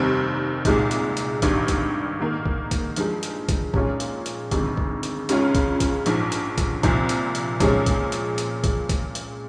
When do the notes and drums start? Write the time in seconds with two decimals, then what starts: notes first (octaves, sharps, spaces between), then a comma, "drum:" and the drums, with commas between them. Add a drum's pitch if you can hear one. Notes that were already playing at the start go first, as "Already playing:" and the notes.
Already playing: F1 D#2 D#3 G3 C4
0.65 C2 A#2 G#3 D#4, drum: kick, hi-hat
0.91 drum: hi-hat
1.17 drum: hi-hat
1.42 G#1 G2 D#3 G3, drum: kick, hi-hat
1.68 drum: kick, hi-hat
2.19 G#2 D#3 A#3
2.46 drum: kick
2.71 drum: kick, hi-hat
2.96 G2 F3 G#3 D#4, drum: hi-hat
3.23 drum: hi-hat
3.49 drum: kick, hi-hat
3.74 A#2 G#3 C#4 F4, drum: kick
4.00 drum: hi-hat
4.26 drum: hi-hat
4.51 G1 F2 D#3 G#3, drum: kick, hi-hat
4.77 drum: kick
5.03 drum: hi-hat
5.29 C#2 C#3 G#3 C#4 F4, drum: hi-hat
5.55 drum: kick, hi-hat
5.80 drum: kick, hi-hat
6.06 A#1 G#2 F3, drum: hi-hat
6.32 drum: hi-hat
6.58 drum: kick, hi-hat
6.83 C2 A#2 F3 C4, drum: kick, hi-hat
7.09 drum: hi-hat
7.35 drum: hi-hat
7.60 A#2 F3 G#3 C#4, drum: kick, hi-hat
7.86 drum: kick, hi-hat
8.12 drum: hi-hat
8.38 drum: hi-hat
8.64 drum: kick, hi-hat
8.89 drum: kick, hi-hat
9.15 drum: hi-hat